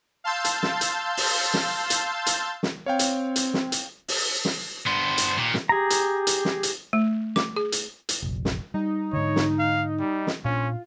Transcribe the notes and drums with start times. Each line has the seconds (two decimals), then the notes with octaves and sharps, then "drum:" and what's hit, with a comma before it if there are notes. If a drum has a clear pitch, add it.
0.24 F5 A5 C6 E6 G6 A6
0.45 drum: hi-hat
0.63 drum: snare
0.81 drum: hi-hat
1.17 drum: open hi-hat
1.54 drum: snare
1.90 drum: hi-hat
2.26 drum: hi-hat
2.63 drum: snare
2.86 C4 C#5 F5 G5
2.99 drum: hi-hat
3.36 drum: hi-hat
3.54 drum: snare
3.72 drum: hi-hat
4.08 drum: open hi-hat
4.45 drum: snare
4.87 G2 B3 C5
5.18 drum: hi-hat
5.37 A#2 D#3 G4
5.54 drum: snare
5.69 G4 G#4 A#5
5.90 drum: hi-hat
6.27 drum: hi-hat
6.45 drum: snare
6.63 drum: hi-hat
6.93 A3
7.36 D6, drum: snare
7.56 G#4
7.72 drum: hi-hat
8.09 drum: hi-hat
8.22 F1 A#1
8.45 drum: snare
8.74 G3 D#4
9.13 G#2 D3 C#5
9.36 drum: snare
9.59 F5
9.99 G3
10.27 drum: snare
10.45 A#2 C#4 D4 F4